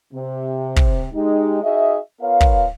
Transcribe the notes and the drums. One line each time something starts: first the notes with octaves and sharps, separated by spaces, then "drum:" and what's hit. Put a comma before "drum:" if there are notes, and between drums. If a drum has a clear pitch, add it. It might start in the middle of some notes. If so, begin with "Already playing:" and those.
C3
drum: kick
G#3 D#4 G4
D#4 F#4 G#4 D#5 E5
B3 F4 A#4 C#5 F5
drum: kick